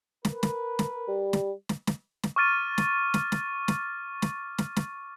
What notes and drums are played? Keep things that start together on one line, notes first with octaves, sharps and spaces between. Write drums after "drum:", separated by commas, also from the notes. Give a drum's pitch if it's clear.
A#4 B4, drum: snare
drum: snare
drum: snare
G3
drum: snare
drum: snare
drum: snare
drum: snare
C#6 D6 F6 A6 D#7
drum: snare
drum: snare
drum: snare
drum: snare
drum: snare
drum: snare
drum: snare